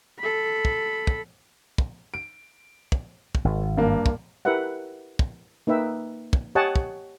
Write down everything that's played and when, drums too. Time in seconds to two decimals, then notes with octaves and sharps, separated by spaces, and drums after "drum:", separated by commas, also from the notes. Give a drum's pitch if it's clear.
0.19 A4 B5
0.65 drum: kick
1.07 drum: kick
1.78 drum: kick
2.14 D7
2.92 drum: kick
3.35 drum: kick
3.44 G#1
3.77 G2 A#3
4.06 drum: kick
4.45 E4 G4 A#4 B4 E5 F#5
5.19 drum: kick
5.67 A#3 D#4 B4 E5 G5
6.33 drum: kick
6.55 G4 C#5 D#5 F#5 G#5 A5
6.76 drum: kick